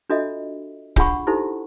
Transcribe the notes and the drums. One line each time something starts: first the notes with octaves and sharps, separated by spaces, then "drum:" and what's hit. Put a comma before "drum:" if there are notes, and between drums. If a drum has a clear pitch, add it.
D4 F4 F#4 A4 D#5 E5
D4 F4 G#4 F#5 B5 C#6, drum: kick
D#4 E4 G4 A4 C5